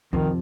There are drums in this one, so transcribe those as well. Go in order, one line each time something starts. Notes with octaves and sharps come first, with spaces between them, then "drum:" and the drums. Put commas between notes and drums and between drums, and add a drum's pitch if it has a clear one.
F2 C3 D#3 F3, drum: kick C2